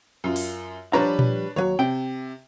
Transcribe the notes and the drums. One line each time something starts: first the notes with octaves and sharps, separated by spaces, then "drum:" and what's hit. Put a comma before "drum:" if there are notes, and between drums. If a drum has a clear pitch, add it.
F#2 F4
drum: open hi-hat
F3 G3 D4 B4 C#5 A#5
drum: tom A#2
D#2 F#3 C#5
C3 G5